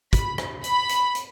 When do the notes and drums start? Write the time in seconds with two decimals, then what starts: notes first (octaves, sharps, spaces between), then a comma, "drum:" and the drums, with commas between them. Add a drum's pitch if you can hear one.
0.13 B5, drum: kick, hi-hat
0.38 drum: rim click
0.64 B5, drum: hi-hat
0.89 drum: hi-hat
1.15 drum: hi-hat